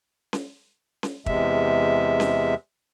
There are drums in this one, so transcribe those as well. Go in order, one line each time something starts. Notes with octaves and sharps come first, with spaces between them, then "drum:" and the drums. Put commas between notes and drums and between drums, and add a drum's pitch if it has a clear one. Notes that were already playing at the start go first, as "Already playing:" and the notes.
drum: snare C#4
drum: snare C#4
E2 C3 G#3 E5, drum: kick
drum: snare C#4